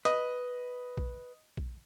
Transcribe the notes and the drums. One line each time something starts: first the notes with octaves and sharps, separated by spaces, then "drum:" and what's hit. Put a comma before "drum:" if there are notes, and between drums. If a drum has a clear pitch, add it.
B4 D#5, drum: hi-hat
drum: kick A#1
drum: kick A#1